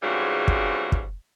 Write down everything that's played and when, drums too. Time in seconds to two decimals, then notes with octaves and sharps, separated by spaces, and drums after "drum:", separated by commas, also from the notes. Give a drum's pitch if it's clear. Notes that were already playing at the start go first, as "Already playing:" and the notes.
0.03 F2 G#2 C#3 E3 G3 F#4
0.48 drum: kick
0.92 drum: kick